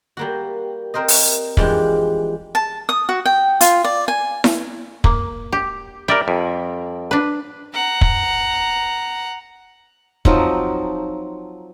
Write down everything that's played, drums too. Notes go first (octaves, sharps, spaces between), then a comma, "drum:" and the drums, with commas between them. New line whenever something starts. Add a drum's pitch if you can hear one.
G3 A#3 F#4
C4 A#4 C5 D#5
drum: open hi-hat
E3 F3 G3 G#3 D4, drum: kick
A5
D#6
F#4
G5
F4, drum: hi-hat
D5
G#5
drum: snare E4
A#3, drum: kick
G4
G3 A#4 D5 E5 G5
F2
D4 B4
F#5 A#5
drum: kick
F3 F#3 C4 D#4, drum: kick